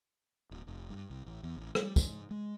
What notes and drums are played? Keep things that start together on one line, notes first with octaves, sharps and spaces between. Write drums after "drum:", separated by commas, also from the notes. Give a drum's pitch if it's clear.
D1
F1
G2
C2
A1
E2
A1
G3, drum: rim click
G#2, drum: kick, tambourine
G#3